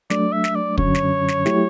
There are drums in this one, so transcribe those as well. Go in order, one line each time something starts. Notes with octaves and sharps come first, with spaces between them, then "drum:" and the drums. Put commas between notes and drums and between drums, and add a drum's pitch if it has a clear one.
F#3 A3 D4 D5, drum: snare
E5
drum: snare
D5
F#2 D3 F#3 C#4 C#5, drum: kick
drum: snare
drum: snare
F#3 A3 E4 G4, drum: snare